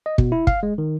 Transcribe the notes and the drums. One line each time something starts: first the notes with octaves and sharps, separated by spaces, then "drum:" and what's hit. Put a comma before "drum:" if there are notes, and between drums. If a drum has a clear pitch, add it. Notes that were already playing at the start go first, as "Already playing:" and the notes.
D#5
B2, drum: kick
E4
F5, drum: kick
G#3
D#3